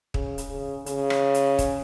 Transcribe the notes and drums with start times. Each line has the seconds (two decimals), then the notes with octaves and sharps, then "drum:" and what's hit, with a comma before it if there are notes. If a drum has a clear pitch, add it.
0.14 C#3, drum: kick
0.38 drum: hi-hat
0.50 C#3
0.86 C#3, drum: hi-hat
1.10 drum: rim click
1.34 drum: hi-hat
1.59 drum: kick, hi-hat